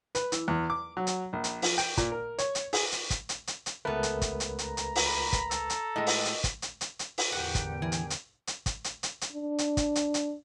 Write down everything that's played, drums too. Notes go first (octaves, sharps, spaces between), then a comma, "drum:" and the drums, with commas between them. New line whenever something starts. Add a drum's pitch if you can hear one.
B4, drum: hi-hat
E3, drum: hi-hat
E2
D6
F#3
drum: hi-hat
A#1
drum: hi-hat
F3, drum: open hi-hat
G5, drum: hi-hat
A#2, drum: kick, hi-hat
A#4
C#5, drum: hi-hat
drum: hi-hat
G#4, drum: open hi-hat
drum: hi-hat
drum: kick, hi-hat
drum: hi-hat
drum: hi-hat
drum: hi-hat
C#2 A3 B3 A#4 B4
drum: hi-hat
drum: kick, hi-hat
drum: hi-hat
A#5, drum: hi-hat
drum: hi-hat
drum: open hi-hat
B5
drum: kick, hi-hat
A4, drum: hi-hat
drum: hi-hat
A2 G#3 D#5
drum: open hi-hat
drum: hi-hat
drum: kick, hi-hat
drum: hi-hat
drum: hi-hat
drum: hi-hat
drum: open hi-hat
E2 A2 D3 G4 A#4 F#5 G5
drum: kick, hi-hat
E3 G#4
drum: hi-hat
drum: hi-hat
drum: hi-hat
drum: kick, hi-hat
drum: hi-hat
drum: hi-hat
drum: hi-hat
D4
drum: hi-hat
drum: kick, hi-hat
drum: hi-hat
drum: hi-hat